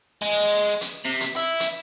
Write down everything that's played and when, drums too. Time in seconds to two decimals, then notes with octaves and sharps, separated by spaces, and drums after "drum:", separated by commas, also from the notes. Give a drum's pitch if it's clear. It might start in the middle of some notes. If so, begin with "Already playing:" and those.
0.22 G#3
0.81 drum: hi-hat
1.05 C3
1.20 drum: hi-hat
1.36 E4
1.60 drum: hi-hat